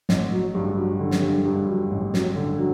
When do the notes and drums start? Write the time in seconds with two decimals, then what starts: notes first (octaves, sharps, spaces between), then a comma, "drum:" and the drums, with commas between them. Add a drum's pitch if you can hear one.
0.09 A1, drum: snare
0.32 F#3
0.55 G2
0.77 F#3
0.99 D3
1.11 drum: snare
1.22 G2
1.45 G2
1.69 F#3
1.91 A1
2.14 F#3, drum: snare
2.36 D3
2.58 F#3